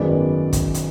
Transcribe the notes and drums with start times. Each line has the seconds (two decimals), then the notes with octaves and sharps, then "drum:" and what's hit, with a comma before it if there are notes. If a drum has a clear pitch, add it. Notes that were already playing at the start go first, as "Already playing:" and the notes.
Already playing: G#1 F#2 D#3 G#3 B3 D5
0.53 drum: kick, hi-hat
0.74 drum: hi-hat